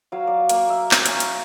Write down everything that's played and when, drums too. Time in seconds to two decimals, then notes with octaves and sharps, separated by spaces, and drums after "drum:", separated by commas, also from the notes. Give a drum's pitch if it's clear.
0.12 F#3 F5
0.27 D5
0.49 A#3, drum: hi-hat
0.69 E5
0.91 A#4, drum: clap
1.06 C#4, drum: hi-hat
1.20 drum: hi-hat